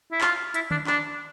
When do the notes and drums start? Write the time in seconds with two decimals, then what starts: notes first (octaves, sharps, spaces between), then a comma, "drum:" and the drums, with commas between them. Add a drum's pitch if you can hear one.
0.12 E4
0.21 F4, drum: clap
0.54 E4, drum: hi-hat
0.71 D4, drum: tom D3
0.87 D4, drum: clap